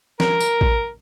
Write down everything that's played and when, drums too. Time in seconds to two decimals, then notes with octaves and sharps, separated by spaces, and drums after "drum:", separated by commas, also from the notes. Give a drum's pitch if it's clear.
0.20 A#4, drum: snare
0.40 drum: tambourine
0.61 drum: kick